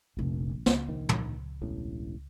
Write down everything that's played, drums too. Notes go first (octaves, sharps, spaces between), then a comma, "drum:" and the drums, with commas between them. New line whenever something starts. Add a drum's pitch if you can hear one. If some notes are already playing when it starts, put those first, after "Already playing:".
F1 A#1 A#2
C#2, drum: snare
A#1 D#3
drum: tom
E1 A1 A2